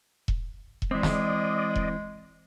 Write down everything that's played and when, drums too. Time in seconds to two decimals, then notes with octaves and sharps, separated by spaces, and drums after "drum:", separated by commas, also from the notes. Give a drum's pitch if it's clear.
0.28 drum: kick E1
0.82 drum: kick E1
0.91 E3 G#3 C4 D5 D#5
1.03 drum: snare
1.76 drum: kick E1